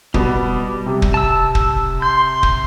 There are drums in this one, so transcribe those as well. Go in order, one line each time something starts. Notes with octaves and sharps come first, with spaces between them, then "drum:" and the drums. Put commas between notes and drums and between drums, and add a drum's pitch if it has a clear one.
B2 G3 B3, drum: kick
C3
drum: kick
A5 E6
drum: kick
C6 G6
drum: kick